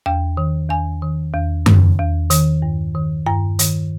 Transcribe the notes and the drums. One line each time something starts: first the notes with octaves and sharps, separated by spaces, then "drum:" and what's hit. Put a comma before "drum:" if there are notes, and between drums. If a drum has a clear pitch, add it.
E2 G5
D#3
E2 G#5
D#3
E2
D#3, drum: tom F#2
E2
D#3, drum: hi-hat
G2
D#3
G2 A#5
D#3, drum: hi-hat